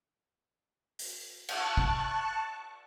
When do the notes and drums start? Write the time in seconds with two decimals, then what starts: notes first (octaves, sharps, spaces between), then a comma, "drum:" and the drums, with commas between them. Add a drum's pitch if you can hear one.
0.99 drum: open hi-hat
1.49 A5 C#6 F#6, drum: cymbal
1.77 drum: kick